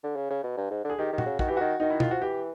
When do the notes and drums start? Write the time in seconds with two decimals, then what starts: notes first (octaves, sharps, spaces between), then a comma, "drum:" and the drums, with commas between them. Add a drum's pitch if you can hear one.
0.04 D3
0.16 C#3
0.30 C#3
0.43 B2
0.57 G2
0.71 G#2
0.84 D3
0.90 G#4
0.99 D#3 G4
1.13 D#3
1.18 F#4, drum: tom A#2
1.26 C#3
1.39 D#3 F#4, drum: kick
1.48 E3 G4
1.57 D#3 F#4
1.80 D#3 D#4
1.90 E4
2.00 F4, drum: tom
2.11 F3 F#4
2.22 E3 G4